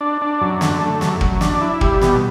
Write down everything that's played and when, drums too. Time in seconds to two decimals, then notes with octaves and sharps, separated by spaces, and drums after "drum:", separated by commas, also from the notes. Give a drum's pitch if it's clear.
0.01 D4
0.21 D4
0.41 F#2
0.61 D3, drum: snare
0.81 A3
1.01 F#2, drum: snare
1.21 F#2, drum: kick
1.41 D4, drum: snare
1.61 E4
1.81 G3, drum: kick
2.01 B2, drum: snare